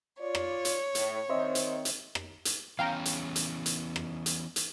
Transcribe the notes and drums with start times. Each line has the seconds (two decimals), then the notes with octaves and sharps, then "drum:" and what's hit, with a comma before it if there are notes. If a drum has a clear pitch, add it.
0.21 F4 C#5 D5
0.35 drum: rim click
0.65 drum: hi-hat
0.95 A2, drum: hi-hat
1.30 D#3 C4 C5 D#5 E5
1.55 drum: hi-hat
1.85 drum: hi-hat
2.15 drum: rim click
2.45 drum: hi-hat
2.79 E3 B3 C#4 F5 G5 A#5
3.05 drum: hi-hat
3.36 drum: hi-hat
3.66 drum: hi-hat
3.96 drum: rim click
4.26 drum: hi-hat
4.56 drum: hi-hat